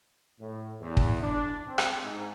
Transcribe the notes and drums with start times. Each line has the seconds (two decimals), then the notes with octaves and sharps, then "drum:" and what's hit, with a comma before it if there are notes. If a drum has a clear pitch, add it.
0.39 A2
0.81 E2
0.97 drum: kick
1.23 D4
1.67 C4
1.78 drum: rim click
2.03 G#2